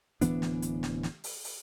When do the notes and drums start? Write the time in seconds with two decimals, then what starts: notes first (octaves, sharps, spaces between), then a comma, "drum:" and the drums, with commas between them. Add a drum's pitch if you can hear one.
0.21 D1 E3 B3 D4, drum: hi-hat
0.42 drum: snare
0.62 drum: hi-hat
0.83 drum: snare
1.03 drum: snare
1.24 drum: open hi-hat
1.44 drum: open hi-hat